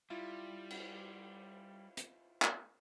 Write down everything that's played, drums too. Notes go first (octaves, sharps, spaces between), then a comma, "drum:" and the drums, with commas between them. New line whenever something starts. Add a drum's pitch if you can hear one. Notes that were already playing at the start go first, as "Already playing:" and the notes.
G3 E4 F4
drum: cymbal
drum: hi-hat
drum: clap